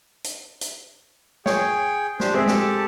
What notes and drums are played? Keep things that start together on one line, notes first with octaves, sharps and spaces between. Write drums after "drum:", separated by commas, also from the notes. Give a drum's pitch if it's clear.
drum: hi-hat
drum: hi-hat
G#4 C#5 G5, drum: snare
D4 G4 C5, drum: snare
G#3 C4 G#4 E5
G4 A4 A5, drum: snare